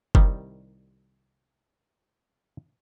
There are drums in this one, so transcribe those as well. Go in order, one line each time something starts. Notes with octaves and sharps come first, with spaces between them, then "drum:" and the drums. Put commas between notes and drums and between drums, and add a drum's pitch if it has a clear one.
C2 D#3 G3, drum: kick F#1